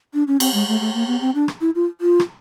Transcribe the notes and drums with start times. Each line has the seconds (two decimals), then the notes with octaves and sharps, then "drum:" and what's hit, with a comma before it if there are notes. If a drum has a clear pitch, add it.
0.14 D4
0.27 C#4
0.40 C4, drum: cymbal
0.54 G#3
0.68 A3
0.81 A3
0.94 A#3
1.07 B3
1.21 C4
1.35 D4
1.48 drum: rim click
1.61 E4
1.75 F4
2.01 F4
2.20 drum: rim click